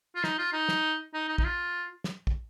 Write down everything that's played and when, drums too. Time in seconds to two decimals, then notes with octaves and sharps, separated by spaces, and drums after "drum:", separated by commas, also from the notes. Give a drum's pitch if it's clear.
0.16 F4
0.24 D#4, drum: snare
0.39 F4
0.53 D#4
0.69 drum: snare
1.14 D#4
1.28 D#4
1.38 D#4, drum: kick
1.44 F4
2.04 drum: snare
2.27 drum: kick